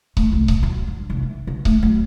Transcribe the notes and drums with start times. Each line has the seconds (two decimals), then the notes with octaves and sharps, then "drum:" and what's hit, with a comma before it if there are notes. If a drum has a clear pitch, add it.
0.17 A3, drum: kick C#1
0.32 C2
0.48 B2, drum: kick C#1
0.63 F#3
0.88 G2
1.10 F1
1.22 E3
1.47 C#3
1.65 A3, drum: kick C#1
1.83 F#3